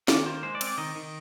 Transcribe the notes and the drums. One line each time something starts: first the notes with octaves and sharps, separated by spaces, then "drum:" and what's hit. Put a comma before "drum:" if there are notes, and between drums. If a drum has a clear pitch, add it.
D#3 D5, drum: snare
A#3 C5
G#3 C5
D5
C4, drum: cymbal
D5
D#3 D#5
D#3